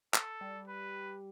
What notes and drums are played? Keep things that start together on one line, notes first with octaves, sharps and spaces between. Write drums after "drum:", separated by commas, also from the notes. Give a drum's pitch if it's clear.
A4, drum: clap
G3
B4